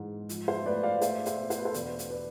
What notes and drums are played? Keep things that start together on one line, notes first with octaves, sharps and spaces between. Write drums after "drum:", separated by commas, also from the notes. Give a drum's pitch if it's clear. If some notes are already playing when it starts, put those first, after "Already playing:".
Already playing: G#2 E3
F3, drum: hi-hat
C5 E5
A3 B4 D5
D5 F5
A3 C5 E5, drum: hi-hat
C5 E5, drum: hi-hat
B2
C5, drum: hi-hat
B4
A4 C5
E1 B4 D5, drum: hi-hat
drum: hi-hat
B4 D5